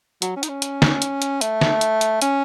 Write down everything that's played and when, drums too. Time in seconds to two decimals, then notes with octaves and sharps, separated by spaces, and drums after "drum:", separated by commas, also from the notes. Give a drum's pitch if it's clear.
0.22 F#3, drum: hi-hat
0.36 C#4
0.43 D#4, drum: hi-hat
0.49 C#4
0.62 drum: hi-hat
0.82 drum: snare
1.02 drum: hi-hat
1.22 drum: hi-hat
1.41 A3, drum: hi-hat
1.61 drum: snare
1.81 drum: hi-hat
2.01 drum: hi-hat
2.22 C#4, drum: hi-hat